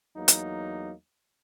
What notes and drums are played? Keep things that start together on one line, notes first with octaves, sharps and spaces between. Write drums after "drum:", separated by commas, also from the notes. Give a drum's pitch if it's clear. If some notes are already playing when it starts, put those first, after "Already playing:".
E2 F#3 A#3 D#4
drum: hi-hat